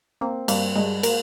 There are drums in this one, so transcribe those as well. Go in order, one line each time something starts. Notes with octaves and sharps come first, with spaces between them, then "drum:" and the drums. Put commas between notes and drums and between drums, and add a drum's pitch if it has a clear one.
A#3 C4
G2 A#3, drum: cymbal
G2 G#3
A#3, drum: cymbal